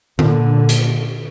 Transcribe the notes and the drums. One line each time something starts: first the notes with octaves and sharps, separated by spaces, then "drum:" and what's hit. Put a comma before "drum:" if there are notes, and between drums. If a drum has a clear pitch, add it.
A#2 D3, drum: tom D3
drum: hi-hat